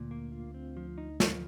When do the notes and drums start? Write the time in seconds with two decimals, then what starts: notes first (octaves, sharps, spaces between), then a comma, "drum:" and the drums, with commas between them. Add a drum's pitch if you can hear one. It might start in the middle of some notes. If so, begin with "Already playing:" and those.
Already playing: D2 A#2 D3
0.11 A#3
0.32 F4
0.54 C4
0.77 F3
0.98 D#4
1.20 F3, drum: snare